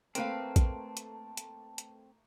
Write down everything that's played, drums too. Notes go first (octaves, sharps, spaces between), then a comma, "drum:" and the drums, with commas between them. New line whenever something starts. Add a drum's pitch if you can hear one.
A3 A#3 C4 A#4 B4 F5 A5, drum: hi-hat
drum: kick A#1, hi-hat
drum: hi-hat
drum: hi-hat
drum: hi-hat